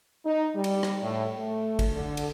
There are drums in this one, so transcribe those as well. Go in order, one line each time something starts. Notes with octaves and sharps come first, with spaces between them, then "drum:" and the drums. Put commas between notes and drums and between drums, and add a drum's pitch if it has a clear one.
D#4
G3
drum: cymbal
drum: rim click
A2
A3
drum: kick G#1, cymbal
D3
drum: cymbal